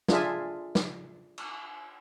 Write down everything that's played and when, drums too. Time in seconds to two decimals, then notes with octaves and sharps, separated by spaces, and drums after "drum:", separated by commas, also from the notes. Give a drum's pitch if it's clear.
0.08 D4 F4 G#4 E5, drum: snare
0.75 drum: snare
1.38 drum: cymbal